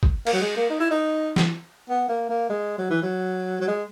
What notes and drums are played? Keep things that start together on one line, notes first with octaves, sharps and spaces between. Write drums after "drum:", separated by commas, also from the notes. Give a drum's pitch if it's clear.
drum: kick G#1
A#3, drum: cymbal
F#3
G#3
A#3
D#4
E4
D#4
drum: snare
B3
A#3
A#3
G#3
F#3
E3
F#3
F#3
G#3